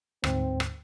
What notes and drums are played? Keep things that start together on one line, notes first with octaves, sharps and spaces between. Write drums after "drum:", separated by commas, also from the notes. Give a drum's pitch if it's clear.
D2 G#2 C4, drum: rim click
drum: rim click